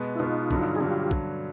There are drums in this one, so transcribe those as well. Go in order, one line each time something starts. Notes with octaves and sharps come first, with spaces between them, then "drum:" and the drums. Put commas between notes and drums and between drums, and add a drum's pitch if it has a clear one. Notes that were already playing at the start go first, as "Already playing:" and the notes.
Already playing: B2 G#3 B3
E4
B2 G#3 B3 D#4 F4
G2 D3 F#3, drum: kick
G#4
G2 D3 F#3 F4 G4
drum: kick